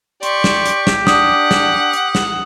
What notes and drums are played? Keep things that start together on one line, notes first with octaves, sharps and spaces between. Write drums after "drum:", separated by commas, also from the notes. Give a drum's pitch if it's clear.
G4 D5 C6 C#6, drum: hi-hat
drum: snare
drum: hi-hat
drum: snare
D4 F#5 D#6, drum: snare
drum: snare
drum: hi-hat
drum: snare